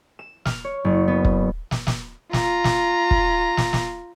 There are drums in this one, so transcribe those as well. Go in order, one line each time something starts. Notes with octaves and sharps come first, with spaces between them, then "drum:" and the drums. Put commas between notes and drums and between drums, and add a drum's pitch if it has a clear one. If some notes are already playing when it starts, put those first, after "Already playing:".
E7
F6, drum: snare
C#5
F#1
B3
drum: kick
drum: snare
drum: snare
F4 A#5, drum: snare
drum: snare
drum: kick
drum: snare
drum: snare